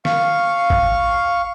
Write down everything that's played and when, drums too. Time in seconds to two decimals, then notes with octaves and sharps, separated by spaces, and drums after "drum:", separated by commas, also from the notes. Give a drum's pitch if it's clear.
0.05 F5 C#6, drum: snare
0.70 drum: kick A1